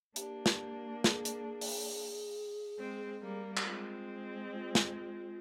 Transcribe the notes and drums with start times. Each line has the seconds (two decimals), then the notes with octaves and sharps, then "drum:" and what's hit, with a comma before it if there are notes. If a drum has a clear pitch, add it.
0.16 A#3 D4 G4, drum: hi-hat
0.46 drum: snare
1.04 G#4, drum: snare
1.25 drum: hi-hat
1.61 drum: open hi-hat
2.78 G#3 C4
3.21 G3 A#3
3.57 G4, drum: clap
3.65 G#3 C4 F4
4.52 F4
4.75 drum: snare